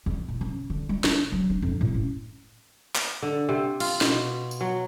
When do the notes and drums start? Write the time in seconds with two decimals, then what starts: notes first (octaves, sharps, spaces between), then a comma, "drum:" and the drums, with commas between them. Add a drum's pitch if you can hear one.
0.06 E2
0.28 A#2
0.41 C#3
0.70 D3
0.89 G3
1.04 C#3, drum: snare
1.32 F#3
1.50 D4
1.62 F2
1.81 A2
1.94 C#4
2.96 drum: clap
3.22 D3
3.49 C3
3.80 F4, drum: cymbal
4.01 B2, drum: snare
4.51 drum: tambourine
4.61 F#3